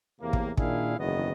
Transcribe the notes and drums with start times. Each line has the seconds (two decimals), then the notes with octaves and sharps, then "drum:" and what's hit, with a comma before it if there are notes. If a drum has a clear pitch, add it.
0.21 E2 A2 C3 A#3
0.33 drum: kick
0.57 A#2 D#3 D4 E4 G#4 F5, drum: kick
0.98 F#1 B1 E2 D#3 B3 D#5